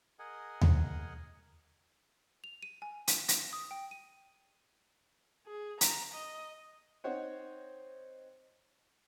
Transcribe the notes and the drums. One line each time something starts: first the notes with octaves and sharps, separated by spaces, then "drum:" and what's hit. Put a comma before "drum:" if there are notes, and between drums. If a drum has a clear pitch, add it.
G#4 A#4 D#5 F#5 G#5
drum: tom D#2
F7
D#7
G#5
D#7, drum: hi-hat
A#6, drum: hi-hat
D#6
G5
D#7
G#4
A#5, drum: hi-hat
D#5
C4 D#4 C5 C#5 F#5